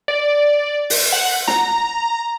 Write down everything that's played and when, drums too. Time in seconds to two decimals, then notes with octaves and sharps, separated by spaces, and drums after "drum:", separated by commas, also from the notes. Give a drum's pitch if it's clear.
0.08 D5
0.90 drum: open hi-hat
1.12 F#5
1.48 A#5, drum: snare